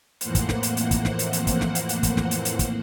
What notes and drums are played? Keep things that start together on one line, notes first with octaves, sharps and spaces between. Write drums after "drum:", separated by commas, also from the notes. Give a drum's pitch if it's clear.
F2 A2 E3 A#3 C5 F#5, drum: hi-hat
drum: kick, hi-hat
drum: snare
drum: hi-hat
drum: hi-hat
drum: kick, hi-hat
drum: snare
drum: hi-hat
drum: hi-hat
drum: kick, hi-hat
drum: snare
drum: hi-hat
drum: hi-hat
drum: kick, hi-hat
drum: snare
drum: hi-hat
drum: hi-hat
drum: kick, hi-hat